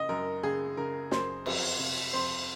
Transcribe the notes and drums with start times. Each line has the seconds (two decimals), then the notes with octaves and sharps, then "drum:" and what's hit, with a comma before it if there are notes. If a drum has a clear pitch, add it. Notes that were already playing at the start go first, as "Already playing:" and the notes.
Already playing: C#3 D#5
0.09 F#2 A#4
0.43 C#3 G#4
0.77 C#3 A#4
1.11 F#2 C5, drum: snare
1.46 F2, drum: cymbal
1.79 C3
2.13 F2 C5